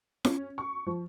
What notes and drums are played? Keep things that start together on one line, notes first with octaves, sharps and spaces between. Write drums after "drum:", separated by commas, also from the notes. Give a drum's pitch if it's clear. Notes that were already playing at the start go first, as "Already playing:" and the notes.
C#4, drum: snare
C#6
F3